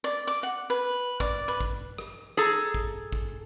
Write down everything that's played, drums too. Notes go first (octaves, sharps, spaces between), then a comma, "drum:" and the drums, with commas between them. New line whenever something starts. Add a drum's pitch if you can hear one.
D5
D6
F#5
B4
D5, drum: kick
B4
drum: kick
drum: rim click
G#4 A4 A#5
drum: kick
drum: kick